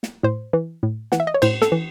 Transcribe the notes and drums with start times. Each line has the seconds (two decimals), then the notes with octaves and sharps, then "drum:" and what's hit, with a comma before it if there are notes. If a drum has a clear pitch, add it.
0.03 drum: snare
0.23 A2 C5
0.53 E3
0.83 A2
1.12 E3 F#5, drum: snare
1.20 E5
1.27 D#5
1.34 C#5
1.42 A2 C5, drum: cymbal
1.62 A4, drum: snare
1.72 E3